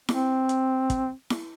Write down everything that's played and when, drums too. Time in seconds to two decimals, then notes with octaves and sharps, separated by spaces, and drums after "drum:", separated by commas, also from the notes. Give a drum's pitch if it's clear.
0.09 C4, drum: snare E4
0.49 drum: hi-hat
0.90 drum: kick, hi-hat
1.30 drum: snare E4